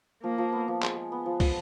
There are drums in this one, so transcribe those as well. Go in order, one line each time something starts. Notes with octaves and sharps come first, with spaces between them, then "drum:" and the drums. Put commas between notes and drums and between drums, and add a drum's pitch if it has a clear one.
F3 A#3
F3
B3
F3
G#3, drum: clap
G#3
B3
F3
F3, drum: kick, open hi-hat